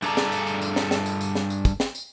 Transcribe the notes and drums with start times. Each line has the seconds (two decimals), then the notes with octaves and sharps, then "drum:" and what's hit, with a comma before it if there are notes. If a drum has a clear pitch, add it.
0.02 G2 D4 G#4 A4 D5 A#5, drum: tambourine
0.17 drum: snare
0.32 drum: tambourine
0.47 drum: tambourine
0.62 drum: tambourine
0.76 drum: snare
0.91 drum: snare
1.06 drum: tambourine
1.21 drum: tambourine
1.35 drum: snare
1.50 drum: tambourine
1.65 drum: kick, tambourine
1.80 drum: snare
1.95 drum: tambourine